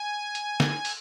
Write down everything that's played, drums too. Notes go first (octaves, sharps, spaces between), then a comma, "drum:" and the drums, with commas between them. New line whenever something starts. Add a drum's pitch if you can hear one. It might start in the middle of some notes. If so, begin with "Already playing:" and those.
Already playing: G#5
drum: hi-hat
drum: snare
drum: open hi-hat